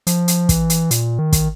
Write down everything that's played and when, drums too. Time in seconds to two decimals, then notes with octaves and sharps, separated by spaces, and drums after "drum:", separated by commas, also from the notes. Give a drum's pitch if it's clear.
0.07 F3, drum: hi-hat
0.28 drum: hi-hat
0.49 E3, drum: kick, hi-hat
0.70 drum: hi-hat
0.91 A#2, drum: hi-hat
1.19 D#3
1.33 drum: kick, hi-hat